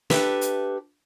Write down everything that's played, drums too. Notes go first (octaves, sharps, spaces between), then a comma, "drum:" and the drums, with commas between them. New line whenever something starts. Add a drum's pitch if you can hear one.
D4 G4 A4 B4 E5, drum: snare
drum: hi-hat